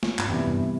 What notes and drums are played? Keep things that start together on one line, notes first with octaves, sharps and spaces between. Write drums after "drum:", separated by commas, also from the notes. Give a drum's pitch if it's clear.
drum: snare
G2, drum: clap
F#2 C3 E3 G3 B3 E4
G2